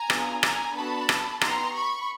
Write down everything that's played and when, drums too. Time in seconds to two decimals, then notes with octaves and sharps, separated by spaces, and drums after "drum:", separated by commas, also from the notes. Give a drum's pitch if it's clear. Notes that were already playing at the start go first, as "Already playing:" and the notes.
Already playing: G#5 A#5
0.10 B3 D4 F4 G#4, drum: rim click
0.43 G#5 A#5, drum: rim click
0.76 B3 D4 F#4 A4 A5 B5
1.09 drum: rim click
1.41 B3 D#4 G4 A#5 C6, drum: rim click
1.74 B5 C#6